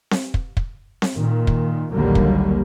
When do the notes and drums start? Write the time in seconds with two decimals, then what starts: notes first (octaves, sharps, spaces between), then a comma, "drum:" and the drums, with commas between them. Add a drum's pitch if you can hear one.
0.11 drum: snare C4
0.34 drum: kick
0.57 drum: kick
1.02 drum: snare C4
1.15 A#2 D#3
1.47 drum: kick
1.93 A#1 D#2 D3 F#3 G3 A#3
2.15 drum: kick